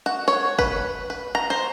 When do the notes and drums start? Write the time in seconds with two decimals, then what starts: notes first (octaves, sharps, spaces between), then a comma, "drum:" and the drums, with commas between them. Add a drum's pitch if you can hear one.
0.06 F#4
0.28 C#5
0.59 B4, drum: kick
1.10 B4
1.35 A#5
1.50 C5